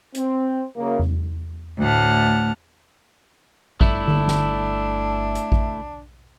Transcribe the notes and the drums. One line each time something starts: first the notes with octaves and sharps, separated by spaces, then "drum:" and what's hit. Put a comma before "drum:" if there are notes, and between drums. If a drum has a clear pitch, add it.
C4, drum: hi-hat
F#2 C#3 A#3
drum: tom E2
D2 A2 F#5 A5 F6
G1 A3 D4 E4, drum: kick A1
drum: tom D3
drum: snare
drum: hi-hat
drum: kick A1